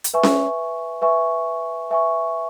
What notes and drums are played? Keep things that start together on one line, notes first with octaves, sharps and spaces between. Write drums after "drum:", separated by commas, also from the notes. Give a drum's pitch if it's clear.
drum: hi-hat
B4 E5 G#5 C#6
drum: snare C#4
B4 E5 G#5 C#6
B4 E5 G#5 C#6